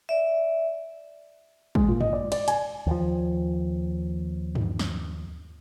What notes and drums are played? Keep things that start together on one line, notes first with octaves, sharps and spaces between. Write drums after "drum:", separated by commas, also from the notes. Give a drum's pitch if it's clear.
D5 E5
G#3, drum: kick A1
A#2
D#5, drum: tom G2
D5
D5, drum: cymbal
G#5, drum: hi-hat
D#2 F3
drum: tom G2
drum: snare